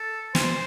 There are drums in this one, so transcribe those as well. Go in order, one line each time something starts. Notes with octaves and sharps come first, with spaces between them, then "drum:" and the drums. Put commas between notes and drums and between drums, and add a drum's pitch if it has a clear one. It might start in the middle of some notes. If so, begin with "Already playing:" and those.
Already playing: A4
C5, drum: snare